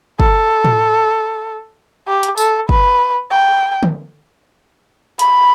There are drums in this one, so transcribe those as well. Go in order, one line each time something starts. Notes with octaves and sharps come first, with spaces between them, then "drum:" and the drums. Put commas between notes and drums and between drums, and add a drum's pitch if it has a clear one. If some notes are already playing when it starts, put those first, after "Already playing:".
A4, drum: kick
drum: tom A2
G4
drum: hi-hat
A4, drum: tambourine
B4, drum: kick
G5
drum: tom D3
B5, drum: hi-hat